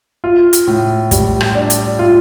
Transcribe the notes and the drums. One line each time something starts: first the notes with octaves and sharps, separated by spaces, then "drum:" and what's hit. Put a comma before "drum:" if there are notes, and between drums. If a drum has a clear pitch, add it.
F4
drum: hi-hat
A2
G3, drum: kick, hi-hat
drum: rim click
D4
drum: hi-hat
F4